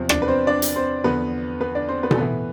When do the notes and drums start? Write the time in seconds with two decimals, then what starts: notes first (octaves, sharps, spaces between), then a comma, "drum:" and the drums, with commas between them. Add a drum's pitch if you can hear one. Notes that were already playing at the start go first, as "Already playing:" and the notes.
Already playing: E2 C3 F3
0.09 D4 D5, drum: rim click
0.22 B4
0.28 C4 C5
0.47 D4 D5
0.62 drum: hi-hat
0.76 C4 C5
1.04 E2 D3 F3 B3 B4
1.60 B3 B4
1.75 D4 D5
1.89 C4 C5
2.03 B3 B4
2.11 A4, drum: tom B2
2.17 A2 E3 B3 B4